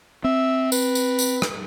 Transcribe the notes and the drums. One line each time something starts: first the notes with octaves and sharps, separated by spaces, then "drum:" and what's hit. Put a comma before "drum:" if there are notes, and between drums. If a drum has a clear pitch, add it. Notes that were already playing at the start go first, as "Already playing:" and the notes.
C4 E5
B4, drum: tambourine
drum: tambourine
drum: tambourine
drum: rim click